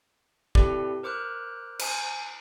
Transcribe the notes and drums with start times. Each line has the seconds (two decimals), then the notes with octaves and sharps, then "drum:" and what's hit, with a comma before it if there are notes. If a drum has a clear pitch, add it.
0.55 C4 E4 G4 A4 B4 D5, drum: kick
1.03 A#4 C5 D6 F6 F#6
1.79 C5 G#5, drum: cymbal